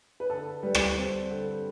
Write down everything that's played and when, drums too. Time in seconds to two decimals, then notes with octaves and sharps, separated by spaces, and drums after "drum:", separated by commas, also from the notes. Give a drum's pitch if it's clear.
0.20 B4
0.30 D3 A4
0.63 G3 B4
0.75 drum: rim click
0.97 C4
1.30 D3